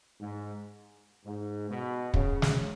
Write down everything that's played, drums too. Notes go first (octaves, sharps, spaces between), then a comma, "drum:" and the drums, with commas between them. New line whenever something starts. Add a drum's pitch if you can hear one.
G#2
G#2
B2
C#3, drum: kick
drum: snare